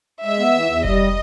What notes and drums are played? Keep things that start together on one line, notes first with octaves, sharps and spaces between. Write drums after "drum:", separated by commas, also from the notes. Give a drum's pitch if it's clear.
G#3 E5
B3
E3
E2
G3 D#5, drum: kick F1